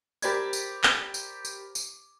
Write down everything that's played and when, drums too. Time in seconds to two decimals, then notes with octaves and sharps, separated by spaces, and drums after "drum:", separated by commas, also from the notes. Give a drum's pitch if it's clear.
0.22 G4 A#4 C5 D5 B5 G#6, drum: tambourine
0.53 drum: tambourine
0.84 drum: clap
1.14 drum: tambourine
1.45 drum: tambourine
1.75 drum: tambourine